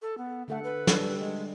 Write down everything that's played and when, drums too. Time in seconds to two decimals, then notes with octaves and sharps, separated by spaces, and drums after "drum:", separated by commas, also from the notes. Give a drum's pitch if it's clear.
0.02 A4
0.18 B3
0.48 D3 A3 A4 F#5
0.64 B4
0.87 G3 D4 A4, drum: snare
1.19 G#3